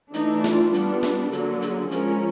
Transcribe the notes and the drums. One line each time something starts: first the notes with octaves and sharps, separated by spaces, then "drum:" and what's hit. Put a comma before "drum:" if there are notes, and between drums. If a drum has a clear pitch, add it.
E3 A3 D4 D#4, drum: hi-hat
F4, drum: snare
G3 B3 D4, drum: hi-hat
drum: snare
D3 F#3 A#3, drum: hi-hat
G#4, drum: hi-hat
F3 G#3 C#4 A#4, drum: hi-hat